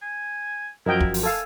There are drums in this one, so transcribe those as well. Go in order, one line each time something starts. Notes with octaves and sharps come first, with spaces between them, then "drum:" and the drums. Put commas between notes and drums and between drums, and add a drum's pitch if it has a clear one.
G#5
F#2 F3 E4 F#4 A#4 D#5 G5
drum: kick
drum: open hi-hat
A4 F5 G#5